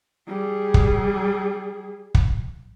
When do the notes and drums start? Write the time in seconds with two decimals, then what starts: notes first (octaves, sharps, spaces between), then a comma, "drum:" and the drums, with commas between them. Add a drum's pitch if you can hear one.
0.27 G3 G#4
0.74 drum: kick
2.15 drum: kick